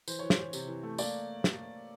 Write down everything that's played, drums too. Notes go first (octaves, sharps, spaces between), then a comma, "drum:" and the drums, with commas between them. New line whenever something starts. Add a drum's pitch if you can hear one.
E3 C5, drum: tambourine
E3 C#5
C5, drum: snare
E3
C3, drum: tambourine
E3
A3
A#3 D5, drum: tambourine
drum: snare